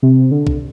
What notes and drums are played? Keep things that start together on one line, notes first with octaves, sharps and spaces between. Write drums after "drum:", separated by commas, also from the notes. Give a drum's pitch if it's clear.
C3
D3
drum: kick B1